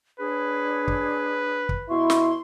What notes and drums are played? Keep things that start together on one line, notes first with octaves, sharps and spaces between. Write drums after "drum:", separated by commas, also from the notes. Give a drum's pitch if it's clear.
D4 G#4 B4 C#5
drum: kick
drum: kick
B2 E4 C6 C#6
drum: snare